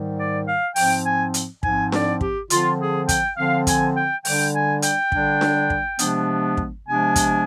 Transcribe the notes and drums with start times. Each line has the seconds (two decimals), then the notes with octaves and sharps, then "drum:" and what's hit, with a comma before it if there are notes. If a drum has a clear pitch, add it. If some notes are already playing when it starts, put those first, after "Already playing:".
Already playing: G#2 D#3 G3
0.17 D5
0.47 F5
0.76 G#2 F3 C4 G5, drum: open hi-hat
1.05 G#5
1.34 drum: hi-hat
1.63 G#2 F3 C4 G#5, drum: kick
1.92 D5, drum: snare D4
2.21 G4, drum: kick
2.50 D3 F3 C4 F4, drum: hi-hat
2.80 G#4
3.09 G5, drum: kick, hi-hat
3.37 D3 F3 C4 F5
3.67 G#5, drum: kick, hi-hat
3.95 G5
4.25 D3 G3 D4 G5, drum: open hi-hat
4.54 G#5
4.82 G5, drum: hi-hat
5.12 D3 G3 D4, drum: kick
5.41 drum: snare D4
5.70 drum: kick
5.99 C3 F3 G#3 B3 D4, drum: hi-hat
6.57 drum: kick
6.87 C3 F3 G#3 B3 D4 G#5
7.16 drum: kick, hi-hat